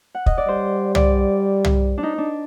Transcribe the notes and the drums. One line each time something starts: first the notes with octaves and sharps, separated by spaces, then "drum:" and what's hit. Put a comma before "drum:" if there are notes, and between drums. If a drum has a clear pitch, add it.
F#5
D#5, drum: kick
D5
G3 C5
D5, drum: tom
drum: tom
D4
D#4
D4